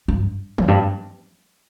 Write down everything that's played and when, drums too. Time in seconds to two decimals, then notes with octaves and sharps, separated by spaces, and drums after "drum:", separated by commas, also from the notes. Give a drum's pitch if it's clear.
0.08 G2
0.58 F2, drum: tom
0.68 G2